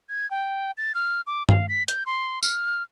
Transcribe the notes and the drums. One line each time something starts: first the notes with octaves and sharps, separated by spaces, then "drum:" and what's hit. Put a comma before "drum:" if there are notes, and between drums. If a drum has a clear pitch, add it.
G#6
G5
A6
F6
D6
F5, drum: tom G2
B6
G6, drum: hi-hat
C6
F6, drum: tambourine